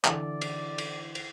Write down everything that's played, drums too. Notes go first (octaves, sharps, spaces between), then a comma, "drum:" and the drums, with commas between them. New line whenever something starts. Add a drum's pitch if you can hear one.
D3 E3 A4 D5, drum: clap
drum: cymbal
drum: cymbal
drum: cymbal